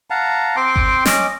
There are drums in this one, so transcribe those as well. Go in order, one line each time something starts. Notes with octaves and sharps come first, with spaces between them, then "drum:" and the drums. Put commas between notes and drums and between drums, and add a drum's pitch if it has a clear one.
F5 F#5 A5 A#5
C4 G5 C6 D6
drum: kick G1
C#4 D#5 D6, drum: snare